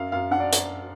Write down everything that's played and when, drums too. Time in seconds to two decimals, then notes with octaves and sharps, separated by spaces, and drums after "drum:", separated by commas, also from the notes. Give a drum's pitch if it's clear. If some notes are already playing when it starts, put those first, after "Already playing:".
Already playing: F#2 F5
0.12 F#2 F5
0.31 D4 F#5
0.40 D5
0.52 drum: hi-hat